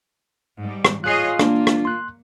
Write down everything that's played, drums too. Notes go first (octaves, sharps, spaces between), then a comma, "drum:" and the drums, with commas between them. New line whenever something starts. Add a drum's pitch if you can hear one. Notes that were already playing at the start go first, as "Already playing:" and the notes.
G#2 G3
drum: rim click
F4 G#4 C#5 D#5 F#6 C7
A#3 D4, drum: rim click
drum: rim click
C6 F#6